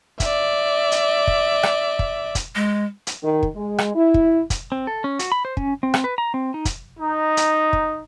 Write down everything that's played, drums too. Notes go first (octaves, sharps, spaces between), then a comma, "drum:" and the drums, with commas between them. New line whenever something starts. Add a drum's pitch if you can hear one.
D5 E5, drum: kick, hi-hat
drum: hi-hat
drum: kick
drum: rim click
drum: kick
drum: kick, hi-hat
G#3
drum: hi-hat
D#3
drum: kick
G#3
drum: rim click
E4
drum: kick
drum: kick, hi-hat
C4
A4
C#4
F#4, drum: hi-hat
B5
C5
C#4, drum: kick
C4
drum: rim click
B4
A#5
C4
D#4
drum: kick, hi-hat
D#4
drum: hi-hat
drum: kick